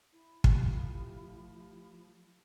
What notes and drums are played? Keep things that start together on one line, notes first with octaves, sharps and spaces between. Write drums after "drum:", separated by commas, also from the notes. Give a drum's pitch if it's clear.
E4
F3 A3 G4, drum: kick